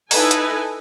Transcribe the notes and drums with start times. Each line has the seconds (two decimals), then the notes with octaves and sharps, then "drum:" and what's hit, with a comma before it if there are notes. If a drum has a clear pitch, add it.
0.11 D#4 E4 A4 B4 G#5, drum: open hi-hat
0.31 drum: hi-hat